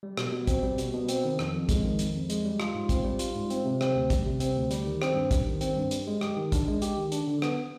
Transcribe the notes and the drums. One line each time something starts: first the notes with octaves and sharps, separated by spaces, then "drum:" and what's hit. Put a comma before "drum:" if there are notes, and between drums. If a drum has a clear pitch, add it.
G3
B2, drum: rim click
B2
C4, drum: kick, hi-hat
G3
B2, drum: hi-hat
B2
C4, drum: hi-hat
D#3
F2, drum: rim click
F2
G#3, drum: kick, hi-hat
D#3
F2, drum: hi-hat
F2
G#3, drum: hi-hat
G3
F4, drum: rim click
G#2
C4, drum: kick, hi-hat
G3
F4, drum: hi-hat
G#2
C4, drum: hi-hat
C3
C4, drum: rim click
D2
G3, drum: kick, hi-hat
C3
C4, drum: hi-hat
D2
G3, drum: hi-hat
D#3
C4, drum: rim click
G2
G3, drum: kick, hi-hat
D#3
C4, drum: hi-hat
G2
G3, drum: hi-hat
G#3
G4, drum: rim click
D#3
D4, drum: kick, hi-hat
G#3
G4, drum: hi-hat
D#3
D4, drum: hi-hat
D3
B3, drum: rim click